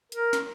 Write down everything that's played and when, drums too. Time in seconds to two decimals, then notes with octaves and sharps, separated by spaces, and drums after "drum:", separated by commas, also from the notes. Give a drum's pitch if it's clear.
0.12 A#4, drum: hi-hat
0.33 drum: snare